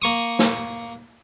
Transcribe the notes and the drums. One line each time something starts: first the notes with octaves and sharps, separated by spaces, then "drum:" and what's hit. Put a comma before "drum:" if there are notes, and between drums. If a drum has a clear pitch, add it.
A#3 C#6 D#6
drum: snare